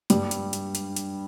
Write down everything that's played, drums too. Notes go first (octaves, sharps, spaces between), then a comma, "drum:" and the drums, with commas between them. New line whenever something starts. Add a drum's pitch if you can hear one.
G2 G3, drum: hi-hat
drum: hi-hat
drum: hi-hat
drum: hi-hat
drum: hi-hat